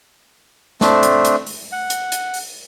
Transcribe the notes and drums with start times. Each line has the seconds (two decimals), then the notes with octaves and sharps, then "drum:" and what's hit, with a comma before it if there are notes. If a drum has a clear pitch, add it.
0.81 A3 C4 D4, drum: snare
1.03 drum: hi-hat
1.25 drum: hi-hat
1.46 drum: open hi-hat
1.72 F#5
1.90 drum: hi-hat
2.12 drum: hi-hat
2.34 drum: open hi-hat